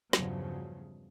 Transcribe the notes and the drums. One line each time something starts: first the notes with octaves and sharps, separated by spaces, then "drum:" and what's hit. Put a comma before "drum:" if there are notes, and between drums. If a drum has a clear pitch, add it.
E2 G2 C#3 F3 F#3, drum: snare